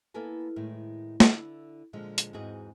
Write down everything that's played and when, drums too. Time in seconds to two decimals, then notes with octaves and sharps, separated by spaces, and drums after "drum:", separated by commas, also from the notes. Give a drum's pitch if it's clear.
0.14 A#3 B3 E4 A4 B4 G#5
0.56 A2 D#3 G#3
1.20 D3 E4, drum: snare
1.93 A#2 D3 F3 G#3
2.18 drum: hi-hat
2.33 E2 G#2 C4 F#4 G#4 D#5